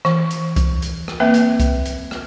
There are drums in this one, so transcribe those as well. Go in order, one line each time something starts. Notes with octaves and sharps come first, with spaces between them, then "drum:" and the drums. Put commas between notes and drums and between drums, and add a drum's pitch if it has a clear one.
E3, drum: rim click
drum: hi-hat
drum: kick, hi-hat
drum: hi-hat
drum: rim click
A#3 C4 B4 E5
drum: hi-hat
drum: kick, hi-hat
drum: hi-hat
drum: rim click